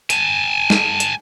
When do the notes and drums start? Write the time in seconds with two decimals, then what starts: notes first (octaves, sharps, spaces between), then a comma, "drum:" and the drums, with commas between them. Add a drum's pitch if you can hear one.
0.10 G#5 A5, drum: hi-hat
0.70 drum: snare
1.00 drum: hi-hat